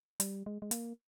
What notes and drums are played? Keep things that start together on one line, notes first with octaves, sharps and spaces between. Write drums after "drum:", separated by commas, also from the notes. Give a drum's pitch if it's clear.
G3, drum: hi-hat
G#3
G#3
A#3, drum: hi-hat